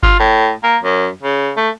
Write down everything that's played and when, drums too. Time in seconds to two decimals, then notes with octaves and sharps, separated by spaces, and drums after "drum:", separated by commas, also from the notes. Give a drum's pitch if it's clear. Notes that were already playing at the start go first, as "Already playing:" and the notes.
0.03 F4, drum: kick G1
0.20 A2
0.63 A#3
0.84 F#2
1.23 C#3
1.57 A3